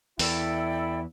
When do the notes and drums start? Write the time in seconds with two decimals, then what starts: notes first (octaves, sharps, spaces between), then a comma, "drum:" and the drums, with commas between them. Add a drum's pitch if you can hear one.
0.19 E2 E4 A4 D5 G5, drum: open hi-hat